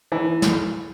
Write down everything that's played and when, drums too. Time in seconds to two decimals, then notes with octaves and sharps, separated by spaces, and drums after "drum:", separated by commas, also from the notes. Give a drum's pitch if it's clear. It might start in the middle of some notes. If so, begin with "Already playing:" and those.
0.12 E3
0.42 drum: snare